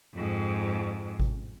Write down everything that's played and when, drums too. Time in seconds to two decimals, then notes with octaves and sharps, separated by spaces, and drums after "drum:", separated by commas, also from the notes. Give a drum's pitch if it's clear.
0.15 F2 G#2
1.20 drum: kick G#1